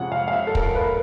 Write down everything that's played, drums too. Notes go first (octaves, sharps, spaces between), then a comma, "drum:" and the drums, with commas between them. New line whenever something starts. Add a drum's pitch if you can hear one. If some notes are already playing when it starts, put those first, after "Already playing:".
Already playing: F2 C3 F3 G#3 C#4 F#5
F5
F5
E5
A4
A#4, drum: kick
B4
A#4